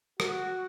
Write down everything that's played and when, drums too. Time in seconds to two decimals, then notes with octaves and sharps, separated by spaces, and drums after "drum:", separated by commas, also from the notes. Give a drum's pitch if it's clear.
0.20 F#4, drum: rim click